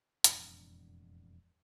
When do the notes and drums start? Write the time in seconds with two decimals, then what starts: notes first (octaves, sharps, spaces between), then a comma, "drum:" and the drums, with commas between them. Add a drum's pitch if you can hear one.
0.24 E1 F2 A2 D4, drum: hi-hat